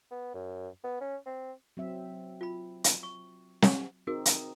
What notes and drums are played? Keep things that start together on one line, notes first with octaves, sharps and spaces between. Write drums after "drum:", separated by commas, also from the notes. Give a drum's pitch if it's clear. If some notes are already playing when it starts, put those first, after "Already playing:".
B3
F#2
B3
C#4
C4
F#3 C4 E5
F4 B5
drum: hi-hat
C#6
drum: snare
C4 D#4 F#4 G#4 A#4
drum: hi-hat